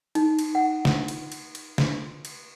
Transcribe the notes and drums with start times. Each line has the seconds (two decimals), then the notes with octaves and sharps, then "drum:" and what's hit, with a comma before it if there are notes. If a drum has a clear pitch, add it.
0.15 D#4, drum: cymbal
0.39 drum: cymbal
0.55 F#5
0.85 drum: snare
1.08 drum: cymbal
1.32 drum: cymbal
1.55 drum: cymbal
1.78 drum: snare
2.25 drum: cymbal